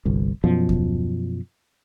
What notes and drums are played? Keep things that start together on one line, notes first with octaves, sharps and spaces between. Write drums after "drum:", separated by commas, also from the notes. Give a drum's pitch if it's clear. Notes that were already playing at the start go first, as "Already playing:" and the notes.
G1 C2
F#2 B2 F3
drum: kick D#2